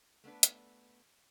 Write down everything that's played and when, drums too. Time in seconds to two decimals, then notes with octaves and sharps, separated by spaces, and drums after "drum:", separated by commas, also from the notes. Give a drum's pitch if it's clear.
0.24 A3 B3 D4 B4
0.43 drum: hi-hat